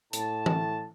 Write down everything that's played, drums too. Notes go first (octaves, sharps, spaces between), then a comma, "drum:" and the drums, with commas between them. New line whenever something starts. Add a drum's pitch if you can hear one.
A2 A5, drum: hi-hat
drum: tom E3